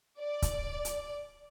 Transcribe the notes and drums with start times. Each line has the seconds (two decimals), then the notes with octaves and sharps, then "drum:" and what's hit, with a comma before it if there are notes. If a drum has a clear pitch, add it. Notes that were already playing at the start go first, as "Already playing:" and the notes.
0.21 D5
0.42 drum: kick C#1, hi-hat
0.85 drum: hi-hat